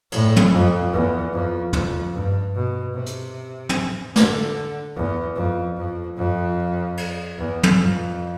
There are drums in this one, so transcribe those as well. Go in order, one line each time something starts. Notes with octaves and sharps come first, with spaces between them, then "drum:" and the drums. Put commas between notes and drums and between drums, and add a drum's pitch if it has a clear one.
A2, drum: cymbal
drum: tom
F2
E2
F2
F2, drum: tom
G2
B2
C3
drum: hi-hat
drum: tom
D3, drum: snare
E2
F2
F2
F2
drum: cymbal
E2
drum: tom
F2